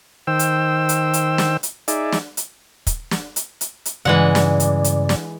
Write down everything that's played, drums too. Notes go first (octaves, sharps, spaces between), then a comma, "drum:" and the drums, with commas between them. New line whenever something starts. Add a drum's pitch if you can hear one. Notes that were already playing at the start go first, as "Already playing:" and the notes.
D#3 C5 G5 E6
drum: hi-hat
drum: hi-hat
drum: hi-hat
drum: snare
drum: hi-hat
D#4 G#4 D5 E5, drum: hi-hat
drum: snare
drum: hi-hat
drum: kick, hi-hat
drum: snare
drum: hi-hat
drum: hi-hat
drum: hi-hat
G2 C#3 E3 G#3 D5 F#5
drum: snare
drum: hi-hat
drum: hi-hat
drum: snare